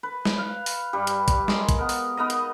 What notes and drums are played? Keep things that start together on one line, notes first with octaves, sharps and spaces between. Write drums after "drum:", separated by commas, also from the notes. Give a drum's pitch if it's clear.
B4
drum: snare
F5
drum: open hi-hat
G2 G3
drum: hi-hat
drum: kick, hi-hat
G#3 A#4, drum: snare
drum: kick, hi-hat
B3 A#4
drum: open hi-hat
B3 D#4 A#4 D#5
drum: hi-hat